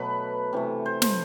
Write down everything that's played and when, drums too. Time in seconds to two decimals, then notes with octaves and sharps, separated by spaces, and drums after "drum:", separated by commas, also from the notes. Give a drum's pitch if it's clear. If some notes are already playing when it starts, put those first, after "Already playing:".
Already playing: B2 F#3 A3 B4
0.53 C3 E3 A3
0.86 C5
1.02 C5, drum: snare